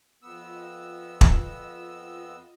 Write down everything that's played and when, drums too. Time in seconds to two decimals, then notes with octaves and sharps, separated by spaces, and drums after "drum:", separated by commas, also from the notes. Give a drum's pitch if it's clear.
0.23 F2 B3 F4 D#5 E6
1.21 drum: kick